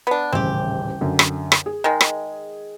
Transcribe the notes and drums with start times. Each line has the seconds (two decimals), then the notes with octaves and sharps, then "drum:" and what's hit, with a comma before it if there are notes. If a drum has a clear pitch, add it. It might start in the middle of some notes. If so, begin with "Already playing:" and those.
0.07 B3 D4
0.32 D#1 A1 C#3 C4 G4
1.01 F#2 D3
1.19 drum: rim click
1.52 drum: rim click
1.66 G#4
1.84 D#3 G#3
2.01 drum: rim click